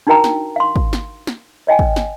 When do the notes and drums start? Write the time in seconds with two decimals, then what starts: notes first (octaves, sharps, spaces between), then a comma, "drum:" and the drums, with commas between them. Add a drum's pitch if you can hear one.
0.07 D4 D#4 F#4 A#4 G5 A#5
0.24 drum: snare
0.56 F5 C6
0.76 drum: kick
0.93 drum: snare
1.27 drum: snare
1.67 C#5 D#5 G5 G#5
1.79 drum: kick
1.96 drum: snare